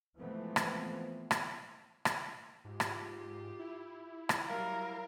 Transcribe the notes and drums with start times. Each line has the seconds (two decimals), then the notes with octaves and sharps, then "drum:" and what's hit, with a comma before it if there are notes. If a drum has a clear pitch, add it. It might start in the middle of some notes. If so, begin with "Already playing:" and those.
0.19 E3 F3 G#3 A3 B3 C4
0.56 drum: rim click
1.31 drum: rim click
2.05 drum: rim click
2.65 G#2 F4 G4
2.80 drum: rim click
3.59 E4
4.29 drum: rim click
4.46 F#3 G3 A#4 F5